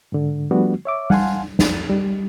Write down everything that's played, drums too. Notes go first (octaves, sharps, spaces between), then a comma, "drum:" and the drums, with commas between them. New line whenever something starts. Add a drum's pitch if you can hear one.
G#2 D3
F3 G3 A3 B3 D4 F#4
C#5 E5 D6
F5 F#5 G#5 A5 C6, drum: tom G3
F2, drum: snare
G3